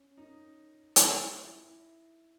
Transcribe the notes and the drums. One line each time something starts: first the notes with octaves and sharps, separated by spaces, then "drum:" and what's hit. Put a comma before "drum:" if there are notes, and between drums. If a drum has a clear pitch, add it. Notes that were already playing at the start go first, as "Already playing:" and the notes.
Already playing: C#4
D#4
drum: hi-hat
E4